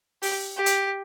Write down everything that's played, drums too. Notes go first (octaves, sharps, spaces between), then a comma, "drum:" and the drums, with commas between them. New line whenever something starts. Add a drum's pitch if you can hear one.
G4, drum: open hi-hat
G4
drum: hi-hat